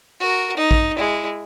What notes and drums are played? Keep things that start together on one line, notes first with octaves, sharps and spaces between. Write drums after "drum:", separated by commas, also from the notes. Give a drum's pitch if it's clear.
F#4 A#4
D#4
drum: kick A1
G#3 E4